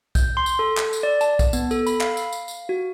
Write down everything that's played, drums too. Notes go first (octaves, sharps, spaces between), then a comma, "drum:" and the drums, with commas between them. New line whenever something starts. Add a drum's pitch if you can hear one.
G6, drum: kick B1, tambourine
C6
drum: tambourine
A4
drum: clap
drum: tambourine
D5
A5, drum: tambourine
drum: kick B1, tambourine
B3, drum: tambourine
A4, drum: tambourine
B5, drum: tambourine
F5, drum: clap
drum: tambourine
drum: tambourine
drum: tambourine
F#4